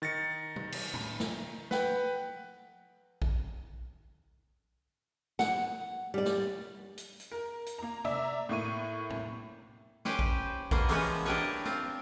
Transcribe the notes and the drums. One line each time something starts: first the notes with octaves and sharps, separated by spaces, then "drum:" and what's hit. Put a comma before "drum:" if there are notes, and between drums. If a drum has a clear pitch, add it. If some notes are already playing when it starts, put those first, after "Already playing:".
D#3 A6 A#6 C#7
drum: tom
drum: cymbal
drum: tom A2
drum: snare
B4 F#5 G5, drum: snare
drum: kick A#1
F#5, drum: snare
G3 D5
drum: snare
drum: hi-hat
drum: hi-hat
A#4
drum: hi-hat
A#3 A#5
D5 E5 A#5, drum: tom C3
A2 A#3 C#6 D#7
drum: tom A2
C#4 G4 B4 C5, drum: snare
drum: kick A#1
B2 A#3 B3 C5, drum: kick A#1
E3 F3 G#3 A#3 B3 C#4, drum: open hi-hat
D4 E4 G4 A#4 B4 C#5
C4 F4, drum: snare